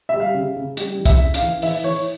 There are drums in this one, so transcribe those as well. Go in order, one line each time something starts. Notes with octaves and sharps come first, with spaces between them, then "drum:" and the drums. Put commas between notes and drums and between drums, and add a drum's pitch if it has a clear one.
G3 E5
F5
C#3
C#3
G3, drum: hi-hat
E3
E5, drum: kick, hi-hat
C#3
F5, drum: hi-hat
E3
E3 E5, drum: open hi-hat
E3 C#5